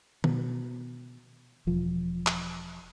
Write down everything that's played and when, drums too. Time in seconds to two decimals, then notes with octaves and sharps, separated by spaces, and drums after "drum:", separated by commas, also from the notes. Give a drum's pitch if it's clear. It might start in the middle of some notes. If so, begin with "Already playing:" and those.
0.24 B2, drum: tom
1.67 E1 F3
2.27 drum: clap